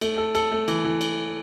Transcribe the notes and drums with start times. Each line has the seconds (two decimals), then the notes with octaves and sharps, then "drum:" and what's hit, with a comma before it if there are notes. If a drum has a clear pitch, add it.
0.01 A3, drum: cymbal
0.18 A4
0.35 A4, drum: cymbal
0.51 A3
0.68 E3, drum: cymbal
0.84 E3
1.01 drum: cymbal